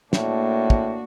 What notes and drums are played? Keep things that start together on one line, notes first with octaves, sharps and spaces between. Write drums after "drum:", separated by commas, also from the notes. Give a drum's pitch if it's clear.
A2 A#3 D4 F#4, drum: snare
drum: kick